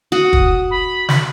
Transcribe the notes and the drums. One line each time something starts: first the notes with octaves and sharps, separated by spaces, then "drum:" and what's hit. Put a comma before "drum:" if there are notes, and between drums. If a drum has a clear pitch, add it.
F#4 D#6
drum: kick
B5
drum: snare